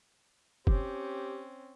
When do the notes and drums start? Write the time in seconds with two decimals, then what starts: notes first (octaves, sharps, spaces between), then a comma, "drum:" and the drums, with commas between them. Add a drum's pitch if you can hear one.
0.67 C4 C#4 G4, drum: kick